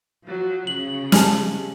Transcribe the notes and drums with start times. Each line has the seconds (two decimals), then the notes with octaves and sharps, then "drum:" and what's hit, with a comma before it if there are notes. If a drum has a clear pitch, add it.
0.23 F3 F#3
0.67 C#3 F#7
1.12 G#3 G4 G#5 A5, drum: snare